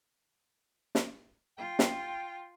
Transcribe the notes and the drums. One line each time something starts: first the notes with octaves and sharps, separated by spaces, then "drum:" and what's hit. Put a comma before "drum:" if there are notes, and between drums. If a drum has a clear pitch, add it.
drum: snare
F4 G5
drum: snare